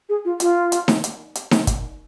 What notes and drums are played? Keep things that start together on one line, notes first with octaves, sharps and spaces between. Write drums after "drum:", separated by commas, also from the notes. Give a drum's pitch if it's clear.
G#4
F4
F4, drum: hi-hat
drum: hi-hat
drum: snare D#4
drum: hi-hat
drum: hi-hat
drum: snare D#4
drum: kick, hi-hat